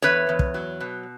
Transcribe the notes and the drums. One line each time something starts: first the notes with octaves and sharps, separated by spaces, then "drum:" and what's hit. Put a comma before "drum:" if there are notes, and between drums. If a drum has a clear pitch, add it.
E2 B4 C#5
E2
drum: kick
F#3
B2